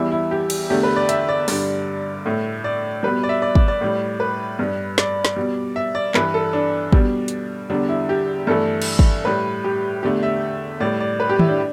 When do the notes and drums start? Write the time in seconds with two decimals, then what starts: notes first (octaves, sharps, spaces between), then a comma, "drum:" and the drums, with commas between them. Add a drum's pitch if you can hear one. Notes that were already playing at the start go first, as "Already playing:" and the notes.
Already playing: E2 E3 G3 E4
0.12 E4
0.31 G4
0.50 drum: cymbal
0.70 E2 D3 A3 G4
0.83 B4
0.96 D5
1.09 E5, drum: hi-hat
1.29 D5
1.48 G2 D3 G3 D5, drum: open hi-hat
2.26 A2 A3
2.64 D5
3.03 B2 G3 B4
3.23 D5
3.29 E5
3.42 D5
3.55 D5, drum: kick
3.68 D5
3.81 A2 G3
4.20 B4
4.59 G2 G3
4.98 D5, drum: snare
5.25 drum: snare
5.36 B2 G3
5.76 E5
5.95 D5
6.14 G2 E3 G3 B4, drum: clap
6.34 A4
6.53 D4
6.92 B2 G3, drum: kick
7.28 drum: hi-hat
7.69 E2 D3 G3 D4
7.89 E4
8.09 G4
8.47 G2 E3 A3 A4
8.82 drum: cymbal
8.99 drum: kick
9.25 A2 G3 B4
9.64 G4
10.03 E2 D3 A3 G4
10.23 E5
10.80 A2 G3 D5
11.00 D5
11.20 B4
11.29 G4
11.39 E4, drum: tom D#3
11.49 D4